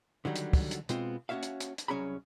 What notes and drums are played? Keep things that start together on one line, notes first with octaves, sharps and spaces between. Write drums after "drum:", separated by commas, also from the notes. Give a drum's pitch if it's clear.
D3 D#3 F#3 G3
drum: hi-hat
drum: kick, open hi-hat
drum: hi-hat
B2 G#3 B3 C4 F4, drum: hi-hat
A#3 C#4 F#4 C#5 E5 F5
drum: hi-hat
drum: hi-hat
drum: hi-hat
C2 F#3 C#4 G#4 A#5 B5